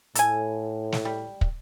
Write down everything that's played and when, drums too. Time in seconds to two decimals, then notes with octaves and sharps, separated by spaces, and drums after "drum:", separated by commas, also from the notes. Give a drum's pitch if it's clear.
0.15 A2 A4 G#5, drum: hi-hat
0.92 drum: snare
1.05 G3
1.41 drum: kick